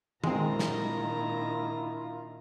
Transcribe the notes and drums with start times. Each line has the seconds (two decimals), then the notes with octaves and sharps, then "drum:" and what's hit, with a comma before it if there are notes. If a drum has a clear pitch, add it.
0.24 A#2 D#3 G#3 C4 D4 E4 F4 A#5, drum: tom
0.59 drum: snare